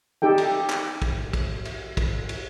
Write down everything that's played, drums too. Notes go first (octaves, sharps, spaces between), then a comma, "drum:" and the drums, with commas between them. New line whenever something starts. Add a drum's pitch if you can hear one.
D#4 G4 A4 G5
drum: cymbal
drum: clap
drum: kick, cymbal
drum: kick, cymbal
drum: cymbal
drum: kick, cymbal
drum: cymbal